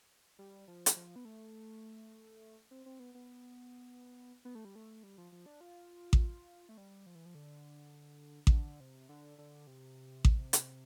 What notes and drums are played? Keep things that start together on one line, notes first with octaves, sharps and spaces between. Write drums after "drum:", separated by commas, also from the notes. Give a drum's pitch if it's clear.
G3
F3
drum: hi-hat
F3
B3
A3
C4
C4
B3
B3
B3
A3
G3
A3
G3
F3
F3
D4
F4
drum: kick A1
A3
G3
F3
E3
F3
D3
C3, drum: kick A1
D3
C3
D3
D3
C3
drum: kick A1
drum: hi-hat